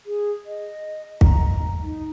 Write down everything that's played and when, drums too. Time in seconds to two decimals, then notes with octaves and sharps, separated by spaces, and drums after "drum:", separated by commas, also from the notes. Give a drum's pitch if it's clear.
0.06 G#4
0.46 D#5
1.21 A#5, drum: kick
1.83 D#4